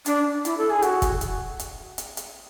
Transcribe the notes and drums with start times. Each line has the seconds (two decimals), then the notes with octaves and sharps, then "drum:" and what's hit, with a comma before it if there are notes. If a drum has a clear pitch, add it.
0.06 D4, drum: hi-hat
0.45 E4, drum: hi-hat
0.58 A4
0.70 G#4
0.82 F#4, drum: hi-hat
1.02 drum: kick, hi-hat
1.21 drum: hi-hat
1.59 drum: hi-hat
1.98 drum: hi-hat
2.17 drum: hi-hat